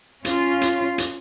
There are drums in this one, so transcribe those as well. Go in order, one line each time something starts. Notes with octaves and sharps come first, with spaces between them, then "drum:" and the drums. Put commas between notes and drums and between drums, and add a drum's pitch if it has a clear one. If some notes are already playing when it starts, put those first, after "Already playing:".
C#4 F4, drum: hi-hat
drum: hi-hat
drum: hi-hat